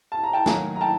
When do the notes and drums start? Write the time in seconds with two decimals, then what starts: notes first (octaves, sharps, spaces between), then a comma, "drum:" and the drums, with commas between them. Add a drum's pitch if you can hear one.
0.12 A5
0.23 A#5
0.33 G5 A5
0.46 D#3 F#3 A#3 G#5 A#5, drum: snare
0.76 A#5
0.81 G5 A5